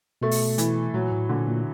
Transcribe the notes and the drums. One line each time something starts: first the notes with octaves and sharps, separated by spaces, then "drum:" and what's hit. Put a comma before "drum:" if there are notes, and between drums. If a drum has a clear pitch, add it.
B2 A3
drum: open hi-hat
E3, drum: hi-hat
A#2 F#3
A2
A#2 D3
A#2